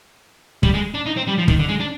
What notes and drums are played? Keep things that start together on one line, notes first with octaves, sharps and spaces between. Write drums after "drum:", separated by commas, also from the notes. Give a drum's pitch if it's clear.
G3, drum: kick
G#3
D4
D#4
C4
G3
F3
D#3, drum: kick
D3
G#3
D4